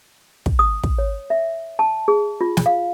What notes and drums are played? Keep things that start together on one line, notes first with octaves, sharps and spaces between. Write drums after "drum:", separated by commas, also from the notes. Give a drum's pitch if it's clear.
drum: kick
D#6
drum: kick
C#5
E5
A5
G#4
F4
drum: snare
F5